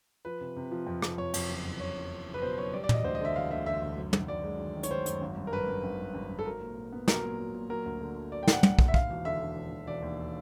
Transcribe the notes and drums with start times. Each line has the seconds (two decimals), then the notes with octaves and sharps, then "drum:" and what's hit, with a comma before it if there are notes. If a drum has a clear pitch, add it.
0.25 F3 B4
0.41 C3
0.56 C3
0.71 F3
0.87 F2
1.02 C3, drum: rim click
1.18 F2 C#5
1.34 F2, drum: cymbal
1.49 F#1
1.65 E2
1.80 F#1 C#5
1.96 F#1
2.12 F#1
2.27 F#1
2.34 B4
2.42 B2 C5
2.58 F#1 C#5
2.73 G3 D5
2.84 D5
2.89 E1 D#5, drum: tom
3.04 D2 C5
3.15 D#5
3.20 D3 E5
3.35 E1 F5
3.51 D2 E5
3.66 D3 E5
3.82 D2
3.97 F#2
4.13 D#3, drum: tom
4.28 F#2 D5
4.44 G#3
4.59 D#3
4.75 D#3
4.83 C#5, drum: hi-hat
4.90 D#3 C5
5.06 F#2, drum: hi-hat
5.21 G#1
5.37 G2
5.47 A#4
5.52 G#1 B4
5.68 G2
5.84 G#1
5.99 G2
6.15 G#1
6.30 G#1
6.39 A4
6.46 F#3 A#4
6.61 A#2
6.77 A#2
6.92 B3
7.08 F#3 A#4, drum: snare
7.23 A#2
7.39 F#3
7.54 A#2
7.70 F#3 A#4
7.86 D2
8.01 D3
8.16 F#3
8.32 F#3 D5
8.43 G5
8.48 D2 F#5, drum: snare
8.63 D2, drum: tom
8.79 D3, drum: kick
8.88 E5
8.94 D#2 F5, drum: kick
9.10 E1
9.25 D3 E5
9.40 D3
9.56 E1
9.72 E1
9.87 E1 D5
10.03 D#2